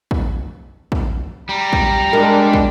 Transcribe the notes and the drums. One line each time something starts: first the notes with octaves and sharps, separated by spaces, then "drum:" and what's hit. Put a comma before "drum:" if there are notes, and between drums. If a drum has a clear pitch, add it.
drum: kick
drum: kick
G3 A#5
drum: kick
G#3 D4 A#4
drum: kick